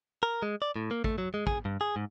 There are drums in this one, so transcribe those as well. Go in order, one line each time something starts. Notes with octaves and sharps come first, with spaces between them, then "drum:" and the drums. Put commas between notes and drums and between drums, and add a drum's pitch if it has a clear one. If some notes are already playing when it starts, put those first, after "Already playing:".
A#4
G#3
D5
A2
A#3
A3, drum: kick
F#3
G#3
G#4, drum: kick
G2
G#4
G#2